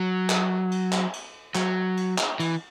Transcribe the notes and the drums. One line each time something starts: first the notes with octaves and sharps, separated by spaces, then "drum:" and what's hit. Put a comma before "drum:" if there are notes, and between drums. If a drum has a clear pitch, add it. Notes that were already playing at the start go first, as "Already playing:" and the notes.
Already playing: F#3
drum: clap
drum: cymbal
drum: clap
drum: cymbal
F#3, drum: clap
drum: cymbal
drum: clap
E3, drum: cymbal